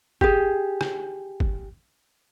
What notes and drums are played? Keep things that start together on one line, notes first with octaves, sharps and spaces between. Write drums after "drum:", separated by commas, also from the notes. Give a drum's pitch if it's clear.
G4 G#4, drum: kick
drum: rim click
drum: kick